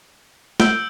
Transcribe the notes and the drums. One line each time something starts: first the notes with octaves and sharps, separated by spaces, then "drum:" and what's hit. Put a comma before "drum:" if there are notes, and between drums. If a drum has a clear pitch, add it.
E6 G6 D7 G7, drum: snare